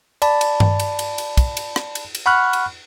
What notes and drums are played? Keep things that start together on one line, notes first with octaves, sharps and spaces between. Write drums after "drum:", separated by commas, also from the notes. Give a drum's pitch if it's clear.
D5 A5 B5, drum: cymbal
drum: cymbal
drum: tom G2
drum: cymbal
drum: cymbal
drum: cymbal
drum: kick, cymbal
drum: cymbal
drum: rim click
drum: cymbal
drum: cymbal
F#5 B5 C#6 F6 F#6
drum: cymbal